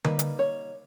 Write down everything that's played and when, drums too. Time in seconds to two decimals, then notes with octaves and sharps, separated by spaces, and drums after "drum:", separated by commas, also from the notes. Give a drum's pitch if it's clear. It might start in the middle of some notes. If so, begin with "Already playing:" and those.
0.04 G3 A#3 D#4 B4, drum: tom D3
0.19 drum: hi-hat
0.39 C#5